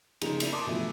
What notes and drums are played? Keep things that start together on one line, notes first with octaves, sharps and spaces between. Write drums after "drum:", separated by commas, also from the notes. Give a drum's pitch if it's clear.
C#3 F3 A#3 D#4 F4 G#4, drum: cymbal
A#3 E4 D5, drum: cymbal
A5 C6 D6 D#6
B2 E3 F3 A3